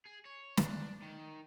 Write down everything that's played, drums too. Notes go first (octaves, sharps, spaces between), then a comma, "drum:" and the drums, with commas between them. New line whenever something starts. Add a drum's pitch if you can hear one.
G#4
C#5
D4, drum: snare
D#3